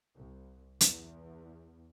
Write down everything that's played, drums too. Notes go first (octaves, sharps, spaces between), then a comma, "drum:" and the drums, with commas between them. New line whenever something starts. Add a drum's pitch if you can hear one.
C2
E2, drum: hi-hat